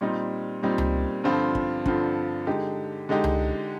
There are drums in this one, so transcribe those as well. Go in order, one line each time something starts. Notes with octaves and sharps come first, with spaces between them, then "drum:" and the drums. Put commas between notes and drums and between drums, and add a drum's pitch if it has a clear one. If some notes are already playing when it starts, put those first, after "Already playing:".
A#2 G3 C4 D#4
A#2 G3 C4 D#4
drum: tom C#2
G2 D3 F3 C4 F4
drum: kick
G2 D3 F3 C4 F4, drum: kick
D3 G#3 D#4 G4
D3 G#3 D#4 G4
drum: tom C#2